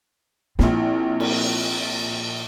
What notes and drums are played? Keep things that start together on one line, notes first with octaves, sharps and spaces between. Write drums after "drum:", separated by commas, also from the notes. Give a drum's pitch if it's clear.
A#1 A#2 C4 E4, drum: snare
drum: cymbal